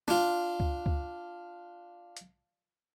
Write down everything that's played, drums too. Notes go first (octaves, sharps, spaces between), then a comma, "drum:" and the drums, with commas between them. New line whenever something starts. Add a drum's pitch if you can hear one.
D4 F4, drum: snare
drum: kick C#2
drum: kick C#2
drum: hi-hat